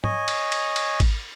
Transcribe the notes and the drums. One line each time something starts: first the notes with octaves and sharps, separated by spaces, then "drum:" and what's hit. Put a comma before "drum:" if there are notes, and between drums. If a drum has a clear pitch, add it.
C#5 D#5 G#5, drum: tom G#2
drum: cymbal
drum: cymbal
drum: cymbal
drum: kick G#1, cymbal